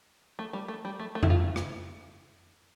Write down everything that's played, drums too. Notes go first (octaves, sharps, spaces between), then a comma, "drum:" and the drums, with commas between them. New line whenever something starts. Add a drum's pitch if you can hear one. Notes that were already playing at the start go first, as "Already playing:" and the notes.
A3
G3
A3
G3
A3
A3
E4, drum: tom F2
F4
drum: rim click